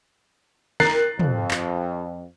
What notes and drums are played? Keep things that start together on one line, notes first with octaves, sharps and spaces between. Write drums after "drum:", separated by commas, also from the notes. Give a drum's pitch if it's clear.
A#4 F#6 A6 C7, drum: snare
F2, drum: tom
drum: clap